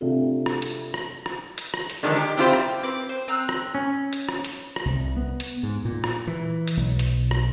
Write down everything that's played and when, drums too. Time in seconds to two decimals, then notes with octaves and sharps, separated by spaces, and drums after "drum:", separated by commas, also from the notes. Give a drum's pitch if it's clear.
0.01 C3 A3 D4 F4 G#4 A4
0.46 drum: rim click
0.62 drum: hi-hat
0.94 drum: rim click
1.26 drum: rim click
1.58 drum: hi-hat
1.74 drum: rim click
1.90 drum: hi-hat
2.03 D3 D#3 F3 G#3 A4 A#4
2.16 G4
2.37 C4 D4 E4 F4 G4 C5
2.53 drum: rim click
2.83 C4 B4 D6
3.09 C5
3.28 C4 A#5 E6 F#6
3.49 drum: rim click
3.75 C#4
4.13 drum: hi-hat
4.29 drum: rim click
4.44 drum: hi-hat
4.76 drum: rim click
4.85 C2
5.17 B3
5.40 drum: hi-hat
5.63 G#2
5.85 A#2
6.04 drum: rim click
6.27 E3
6.67 drum: hi-hat
6.77 B1
6.99 drum: hi-hat
7.31 drum: rim click